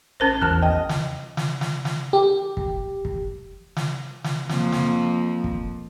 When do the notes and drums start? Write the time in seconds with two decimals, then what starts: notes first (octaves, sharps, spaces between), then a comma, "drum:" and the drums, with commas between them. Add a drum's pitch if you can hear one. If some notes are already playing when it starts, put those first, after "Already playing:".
0.20 A1 C#4 A#4 C5
0.41 E2 F#3 A5 F6 F#6
0.62 D#5 G5
0.89 drum: snare
1.37 drum: snare
1.61 drum: snare
1.85 drum: snare
2.13 G4
2.57 drum: kick
3.05 drum: kick
3.77 drum: snare
4.24 drum: snare
4.49 F2 F3 A#3, drum: snare
4.72 drum: snare
5.44 drum: kick